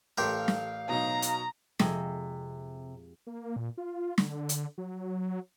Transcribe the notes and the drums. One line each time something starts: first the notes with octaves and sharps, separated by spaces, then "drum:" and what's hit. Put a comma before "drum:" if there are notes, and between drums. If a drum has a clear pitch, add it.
A1 G4 A4 A#4 F5 C6
drum: snare
B2 F#3 D#4 A#5
drum: hi-hat
F2 C3 G#3, drum: snare
A#3
A#2
F4
D3, drum: snare
drum: hi-hat
F#3